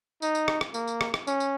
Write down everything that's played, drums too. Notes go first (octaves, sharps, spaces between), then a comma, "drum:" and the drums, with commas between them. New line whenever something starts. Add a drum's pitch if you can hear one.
D#4, drum: tambourine
drum: tambourine
drum: rim click
drum: rim click
A#3, drum: tambourine
drum: tambourine
drum: rim click
drum: rim click
C#4, drum: tambourine
drum: tambourine